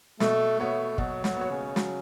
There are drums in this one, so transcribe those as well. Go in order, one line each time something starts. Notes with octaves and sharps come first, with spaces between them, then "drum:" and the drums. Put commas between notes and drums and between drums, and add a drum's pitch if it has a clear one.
B2 A3, drum: snare
A3 B3 F#4 C#5
B2 F#3, drum: kick
F#3, drum: snare
B3 F#4 C#5
C#3
F#3, drum: snare